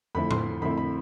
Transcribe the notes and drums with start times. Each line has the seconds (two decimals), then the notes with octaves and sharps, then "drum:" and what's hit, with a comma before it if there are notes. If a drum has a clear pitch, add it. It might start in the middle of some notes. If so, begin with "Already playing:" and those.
0.15 F2 D3 A3 C4 E4 B5
0.31 C6, drum: tom A2
0.62 F2 D3 A3 C4 E4 B5
0.78 B5